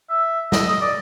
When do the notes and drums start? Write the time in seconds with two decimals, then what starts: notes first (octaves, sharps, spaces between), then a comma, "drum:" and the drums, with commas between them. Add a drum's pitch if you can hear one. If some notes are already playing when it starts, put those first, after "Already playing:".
0.09 E5
0.52 D#5, drum: snare
0.67 D#5
0.81 D5